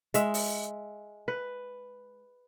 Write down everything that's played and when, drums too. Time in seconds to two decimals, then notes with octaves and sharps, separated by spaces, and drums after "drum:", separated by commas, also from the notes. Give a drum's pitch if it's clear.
0.14 G#3 E5, drum: hi-hat
0.34 drum: open hi-hat
1.28 B4